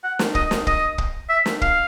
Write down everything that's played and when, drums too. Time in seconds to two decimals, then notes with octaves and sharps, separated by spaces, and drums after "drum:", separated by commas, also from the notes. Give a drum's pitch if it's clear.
0.04 F#5
0.19 drum: snare
0.35 D#5, drum: kick
0.51 drum: snare
0.67 D#5, drum: kick
0.98 drum: kick
1.29 E5
1.46 drum: snare
1.62 F5, drum: kick